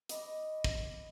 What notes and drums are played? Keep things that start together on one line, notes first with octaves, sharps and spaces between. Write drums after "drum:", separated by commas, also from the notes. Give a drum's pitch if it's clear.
D#5 B5 D6, drum: hi-hat
drum: kick